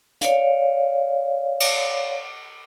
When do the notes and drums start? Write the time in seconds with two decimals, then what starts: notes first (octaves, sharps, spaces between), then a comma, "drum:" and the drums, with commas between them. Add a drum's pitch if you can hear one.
0.21 C#5 D5 F5, drum: hi-hat
1.60 drum: cymbal